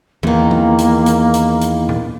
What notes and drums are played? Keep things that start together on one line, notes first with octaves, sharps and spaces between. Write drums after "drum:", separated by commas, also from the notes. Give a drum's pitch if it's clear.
E2 D#3 A#3, drum: tom
drum: tom E3
drum: hi-hat
drum: hi-hat
drum: hi-hat
drum: hi-hat
drum: tom A#2